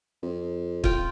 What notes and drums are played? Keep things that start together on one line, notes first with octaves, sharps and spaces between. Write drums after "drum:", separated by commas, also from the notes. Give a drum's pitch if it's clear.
F2
F4 G5, drum: kick